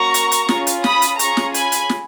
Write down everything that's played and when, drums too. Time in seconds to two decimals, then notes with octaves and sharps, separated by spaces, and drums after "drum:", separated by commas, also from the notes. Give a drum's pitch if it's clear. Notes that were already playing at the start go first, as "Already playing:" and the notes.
Already playing: A#3 C#4 F#4 A#5 C#6
0.14 drum: hi-hat
0.32 drum: hi-hat
0.49 C#4 F4 G#4, drum: snare
0.67 drum: hi-hat
0.84 B5 D#6, drum: snare
1.02 drum: hi-hat
1.19 C#4 F4 G#4 A#5 C#6, drum: hi-hat
1.37 drum: snare
1.54 G#5 B5, drum: hi-hat
1.72 drum: hi-hat
1.89 drum: snare